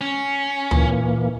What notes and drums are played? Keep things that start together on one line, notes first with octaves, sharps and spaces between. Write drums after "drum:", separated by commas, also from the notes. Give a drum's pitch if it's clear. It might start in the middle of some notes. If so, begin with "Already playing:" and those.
C#4
A#2 E3 A#3, drum: tom D2